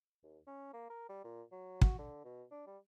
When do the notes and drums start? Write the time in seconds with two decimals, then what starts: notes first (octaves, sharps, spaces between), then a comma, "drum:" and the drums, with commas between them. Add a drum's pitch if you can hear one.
0.24 D#2
0.47 C#4
0.73 A#3
0.90 A#4
1.09 G3
1.24 A#2
1.52 F#3
1.81 F#4, drum: kick
1.99 D3
2.25 B2
2.51 D4
2.67 G3